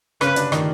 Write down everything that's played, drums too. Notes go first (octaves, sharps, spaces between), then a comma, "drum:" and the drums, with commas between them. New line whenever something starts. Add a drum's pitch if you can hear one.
C#3 C#4 B4, drum: rim click
D3 D4, drum: hi-hat
D#3 D#4, drum: rim click